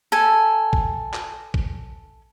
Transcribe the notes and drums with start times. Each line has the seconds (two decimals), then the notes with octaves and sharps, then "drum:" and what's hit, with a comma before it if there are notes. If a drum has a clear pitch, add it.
0.12 A4 G#5
0.73 drum: kick
1.13 drum: clap
1.54 drum: kick